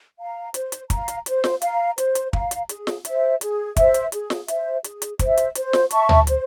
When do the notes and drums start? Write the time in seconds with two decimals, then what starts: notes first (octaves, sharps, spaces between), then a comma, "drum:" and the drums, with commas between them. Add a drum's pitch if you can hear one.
0.19 F5 A#5
0.54 C5, drum: hi-hat
0.72 drum: hi-hat
0.90 F5 A#5, drum: kick, hi-hat
1.08 drum: hi-hat
1.26 C5, drum: hi-hat
1.44 drum: snare
1.62 F5 A#5, drum: hi-hat
1.98 C5, drum: hi-hat
2.15 drum: hi-hat
2.33 F5 A#5, drum: kick
2.51 drum: hi-hat
2.69 G#4, drum: hi-hat
2.87 drum: snare
3.05 C5 E5, drum: hi-hat
3.41 G#4, drum: hi-hat
3.77 C5 E5, drum: kick, hi-hat
3.94 drum: hi-hat
4.12 G#4, drum: hi-hat
4.30 drum: snare
4.48 C5 E5, drum: hi-hat
4.84 G#4, drum: hi-hat
5.02 drum: hi-hat
5.19 C5 E5, drum: kick, hi-hat
5.37 drum: hi-hat
5.55 C5, drum: hi-hat
5.73 drum: snare
5.91 E5 A5 C#6, drum: hi-hat
6.09 drum: tom
6.27 C5, drum: hi-hat